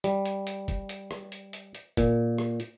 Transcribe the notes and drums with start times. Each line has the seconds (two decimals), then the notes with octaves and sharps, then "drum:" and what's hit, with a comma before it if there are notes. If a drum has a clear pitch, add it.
0.04 G3, drum: hi-hat
0.25 drum: hi-hat
0.47 drum: hi-hat
0.68 drum: kick, hi-hat
0.89 drum: hi-hat
1.11 drum: rim click
1.32 drum: hi-hat
1.53 drum: hi-hat
1.75 drum: hi-hat
1.97 A#2, drum: kick, hi-hat
2.38 drum: rim click
2.60 drum: hi-hat